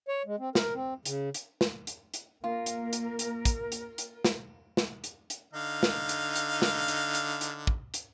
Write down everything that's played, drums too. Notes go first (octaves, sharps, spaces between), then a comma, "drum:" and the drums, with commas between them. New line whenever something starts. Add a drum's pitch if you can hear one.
C#5
G#3
C4
A#4, drum: snare
C4
C#3, drum: hi-hat
drum: hi-hat
drum: snare
drum: hi-hat
drum: hi-hat
A#3 F4 A#4
drum: hi-hat
drum: hi-hat
drum: hi-hat
drum: kick, hi-hat
drum: hi-hat
drum: hi-hat
drum: snare
drum: snare
drum: hi-hat
drum: hi-hat
D3 D#4 F5
drum: snare
drum: hi-hat
drum: hi-hat
drum: snare
drum: hi-hat
drum: hi-hat
drum: hi-hat
drum: kick
drum: hi-hat